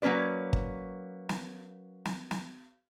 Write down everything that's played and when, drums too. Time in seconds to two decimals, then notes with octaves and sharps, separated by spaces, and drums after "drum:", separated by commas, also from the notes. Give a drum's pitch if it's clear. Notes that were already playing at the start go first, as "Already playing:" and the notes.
0.02 F#3 A#3 C#4 B4 D5
0.53 drum: kick
1.29 drum: snare
2.05 drum: snare
2.31 drum: snare